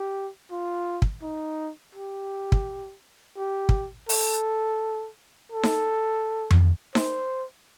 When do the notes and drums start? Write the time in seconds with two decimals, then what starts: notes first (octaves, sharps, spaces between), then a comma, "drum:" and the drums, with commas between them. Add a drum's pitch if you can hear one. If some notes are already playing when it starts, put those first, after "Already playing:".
Already playing: G4
0.51 F4
1.02 drum: kick
1.22 D#4
1.95 G4
2.52 drum: kick
3.37 G4
3.69 drum: kick
4.09 A4, drum: open hi-hat
5.52 A4
5.63 drum: snare D#4
6.51 drum: tom F2
6.95 C5, drum: snare D#4